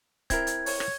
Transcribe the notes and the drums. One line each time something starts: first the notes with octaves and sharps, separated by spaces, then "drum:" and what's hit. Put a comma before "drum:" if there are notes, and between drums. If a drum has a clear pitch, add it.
C4 E4 A#4 G#6, drum: kick C#1, hi-hat
drum: hi-hat
C#5, drum: open hi-hat
drum: rim click